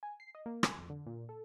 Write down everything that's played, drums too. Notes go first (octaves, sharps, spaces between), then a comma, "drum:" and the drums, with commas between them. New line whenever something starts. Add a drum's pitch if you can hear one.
G#5
C7
D#5
A#3
G#5, drum: rim click
F2
D3
A#2
A4